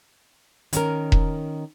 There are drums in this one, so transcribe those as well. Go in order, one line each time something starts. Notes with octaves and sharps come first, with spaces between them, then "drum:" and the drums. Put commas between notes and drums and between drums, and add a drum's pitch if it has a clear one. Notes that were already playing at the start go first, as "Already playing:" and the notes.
D#3 C#4 A#4, drum: hi-hat
drum: kick E1